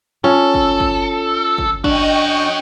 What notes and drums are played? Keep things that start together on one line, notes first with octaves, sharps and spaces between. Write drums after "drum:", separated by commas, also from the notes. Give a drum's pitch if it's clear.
C#4 F4 A4
drum: kick
drum: kick
drum: kick
C#4 D4 F#4 D#5 G5 C#6, drum: kick